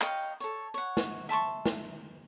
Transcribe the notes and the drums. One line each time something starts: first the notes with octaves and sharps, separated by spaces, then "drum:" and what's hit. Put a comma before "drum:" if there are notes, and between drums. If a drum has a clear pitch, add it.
C#5 D#5 F5 G5, drum: clap
A4 C#5
C#5 F#5
drum: snare
E5 A5 C6 C#6
drum: snare